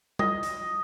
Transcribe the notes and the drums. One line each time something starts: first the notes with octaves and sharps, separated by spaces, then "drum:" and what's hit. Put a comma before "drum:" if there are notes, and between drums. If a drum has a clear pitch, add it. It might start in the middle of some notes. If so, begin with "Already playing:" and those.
D#5, drum: tom G3
drum: hi-hat